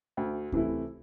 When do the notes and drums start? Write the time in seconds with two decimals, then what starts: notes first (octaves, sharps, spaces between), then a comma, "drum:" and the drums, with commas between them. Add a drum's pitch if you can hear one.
0.17 D2
0.52 C3 E3 A3 E4, drum: kick D2